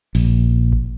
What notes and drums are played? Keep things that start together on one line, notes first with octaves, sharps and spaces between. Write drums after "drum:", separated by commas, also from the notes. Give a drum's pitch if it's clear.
A#1, drum: open hi-hat
drum: kick G#1